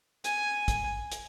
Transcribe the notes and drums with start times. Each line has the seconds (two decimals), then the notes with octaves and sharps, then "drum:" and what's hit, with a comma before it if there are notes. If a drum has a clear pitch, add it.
0.24 G#5, drum: hi-hat
0.68 drum: kick, hi-hat
1.12 drum: hi-hat